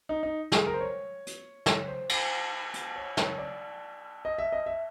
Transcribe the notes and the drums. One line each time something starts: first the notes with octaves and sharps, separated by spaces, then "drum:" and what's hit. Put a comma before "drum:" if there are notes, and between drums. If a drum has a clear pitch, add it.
D#4
D#4
G#4, drum: snare
A#4
C5
C#5
drum: hi-hat
C#5, drum: snare
C5
C5, drum: cymbal
drum: hi-hat
C#5
C#5, drum: snare
D5
D#5
E5
D#5
E5